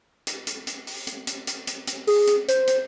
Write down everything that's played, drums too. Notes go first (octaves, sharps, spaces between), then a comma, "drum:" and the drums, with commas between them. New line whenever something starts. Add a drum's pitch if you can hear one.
drum: hi-hat
drum: hi-hat
drum: hi-hat
drum: open hi-hat
drum: hi-hat
drum: hi-hat
drum: hi-hat
drum: hi-hat
drum: hi-hat
G#4, drum: open hi-hat
drum: hi-hat
C5, drum: hi-hat
drum: hi-hat